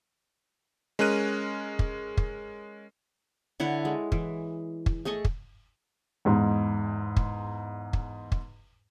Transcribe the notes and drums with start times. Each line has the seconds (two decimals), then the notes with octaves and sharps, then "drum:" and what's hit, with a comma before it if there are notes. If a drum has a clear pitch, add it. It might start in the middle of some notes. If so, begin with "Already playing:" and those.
0.99 G#3 C#4 A#4 F#6 D#7
1.79 drum: kick
2.17 drum: kick
3.60 D3 E4 C#5 F#5
3.85 G#3
4.12 E3, drum: kick
4.86 drum: kick
5.05 A3 G#4 D#5 C#6
5.25 drum: kick
6.25 E2 G#2 G#3
7.16 drum: kick
7.93 drum: kick
8.32 drum: kick